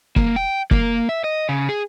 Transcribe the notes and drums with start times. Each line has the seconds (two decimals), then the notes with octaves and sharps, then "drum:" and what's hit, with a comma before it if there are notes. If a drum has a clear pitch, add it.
0.16 A#3, drum: kick
0.36 G5
0.71 A#3, drum: kick
1.09 E5
1.24 D#5
1.49 C#3
1.69 G#4